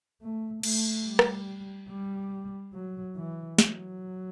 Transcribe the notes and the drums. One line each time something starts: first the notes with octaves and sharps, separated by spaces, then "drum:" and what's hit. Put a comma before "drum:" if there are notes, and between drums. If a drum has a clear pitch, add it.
A3
A3, drum: cymbal
G3
drum: rim click
G3
F#3
E3
F#3, drum: snare